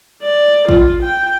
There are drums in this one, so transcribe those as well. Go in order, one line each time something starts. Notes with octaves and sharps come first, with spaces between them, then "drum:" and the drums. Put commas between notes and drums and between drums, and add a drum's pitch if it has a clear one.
D5
F4, drum: kick
G5